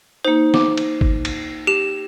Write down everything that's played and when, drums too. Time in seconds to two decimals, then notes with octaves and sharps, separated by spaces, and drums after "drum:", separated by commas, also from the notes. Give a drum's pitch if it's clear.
0.25 A#3 D#4 C5
0.54 D6, drum: snare
0.77 drum: cymbal
1.01 drum: kick G1
1.25 drum: cymbal
1.67 G4 E7